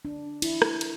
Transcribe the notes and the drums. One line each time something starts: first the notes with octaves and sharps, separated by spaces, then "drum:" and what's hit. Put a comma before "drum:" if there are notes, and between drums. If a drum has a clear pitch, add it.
D4
E4, drum: cymbal
drum: rim click
drum: cymbal